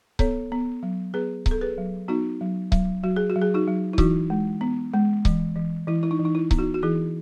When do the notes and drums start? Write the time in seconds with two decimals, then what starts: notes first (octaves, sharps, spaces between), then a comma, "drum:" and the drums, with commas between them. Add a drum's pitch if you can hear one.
0.19 B3 A4 C#5, drum: kick C#1
0.52 B3
0.83 F#3
1.14 B3 G#4 B4
1.46 B3, drum: kick C#1
1.51 A4
1.61 G#4 B4
1.78 F#3
2.08 B3 D#4 F#4
2.41 F#3
2.72 F#3, drum: kick C#1
3.03 F#3 F#4
3.16 G#4
3.30 F#4
3.36 F#3
3.41 G#4
3.54 D#4 F#4
3.67 F#3
3.93 E4
3.98 E3 D#4 F#4, drum: kick C#1
4.30 G#3
4.61 B3
4.93 G#3
5.25 E3, drum: kick C#1
5.56 E3
5.87 E3 E4
6.03 E4
6.11 D#4
6.20 E3
6.25 D#4
6.35 E4
6.51 B3, drum: kick C#1
6.59 D#4 F#4
6.74 F#4
6.83 E3 E4 G#4